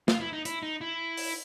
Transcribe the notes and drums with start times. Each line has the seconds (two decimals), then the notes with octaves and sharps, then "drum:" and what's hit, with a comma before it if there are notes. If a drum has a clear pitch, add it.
0.08 F4, drum: snare
0.20 E4
0.33 D#4
0.45 E4, drum: hi-hat
0.62 D#4
0.81 E4
1.17 drum: open hi-hat